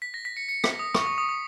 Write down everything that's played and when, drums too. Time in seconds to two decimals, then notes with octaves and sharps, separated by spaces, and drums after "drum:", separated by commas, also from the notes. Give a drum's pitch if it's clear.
0.02 B6
0.14 A#6
0.25 B6
0.37 C#7
0.49 C#7
0.64 B6, drum: rim click
0.79 D#6
0.95 C#6, drum: rim click
1.06 D#6
1.18 D#6
1.29 D#6